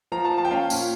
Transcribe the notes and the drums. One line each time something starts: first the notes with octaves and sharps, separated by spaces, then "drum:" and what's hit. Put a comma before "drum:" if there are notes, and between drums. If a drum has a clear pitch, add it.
F3 A#5
A5
F3
A5
G5
C#4 F5
A#2, drum: tambourine